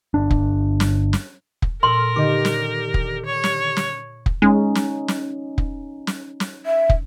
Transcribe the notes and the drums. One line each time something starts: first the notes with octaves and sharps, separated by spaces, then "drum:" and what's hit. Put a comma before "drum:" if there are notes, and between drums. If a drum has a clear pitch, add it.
G1 D4
drum: kick
drum: snare
drum: snare
drum: kick
A#2 A4 A#4 C6 F6
D3 D#3 D#4 G4 D#5
drum: snare
drum: kick
C#5
drum: snare
drum: snare
drum: kick
G#3 C#4 D#4
drum: snare
drum: snare
drum: kick
drum: snare
drum: snare
E5
drum: kick